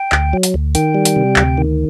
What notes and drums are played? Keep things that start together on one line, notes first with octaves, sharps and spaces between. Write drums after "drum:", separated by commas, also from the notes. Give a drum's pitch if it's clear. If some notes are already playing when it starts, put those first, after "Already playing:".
Already playing: G5
D2, drum: clap
F#3
drum: hi-hat
D2
D#3 G5, drum: hi-hat
G3
drum: hi-hat
C3
D2, drum: clap
D#3